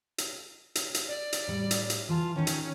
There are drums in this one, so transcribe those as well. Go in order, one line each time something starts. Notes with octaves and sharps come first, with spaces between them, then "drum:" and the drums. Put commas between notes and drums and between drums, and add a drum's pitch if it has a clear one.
drum: hi-hat
drum: hi-hat
drum: hi-hat
D5
drum: hi-hat
A2 G3
drum: hi-hat
drum: hi-hat
E3 F4 A5
D#3 C#4 D#4
drum: hi-hat